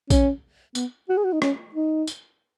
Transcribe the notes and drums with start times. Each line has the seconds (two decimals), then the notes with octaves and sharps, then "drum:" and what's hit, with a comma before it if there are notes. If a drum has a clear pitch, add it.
0.10 C#4, drum: kick A#1, tambourine
0.75 B3, drum: tambourine
1.09 F#4
1.17 G#4
1.25 F#4
1.33 D#4
1.42 C#4, drum: rim click
1.75 D#4
2.07 drum: tambourine